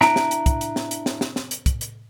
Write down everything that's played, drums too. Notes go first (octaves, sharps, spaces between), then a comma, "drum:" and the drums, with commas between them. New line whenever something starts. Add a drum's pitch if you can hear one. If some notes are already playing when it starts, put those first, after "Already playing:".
D4 E4 A#5, drum: snare
drum: snare
drum: hi-hat
drum: kick, hi-hat
drum: hi-hat
drum: snare
drum: hi-hat
drum: snare
drum: snare
drum: snare
drum: hi-hat
drum: kick, hi-hat
drum: hi-hat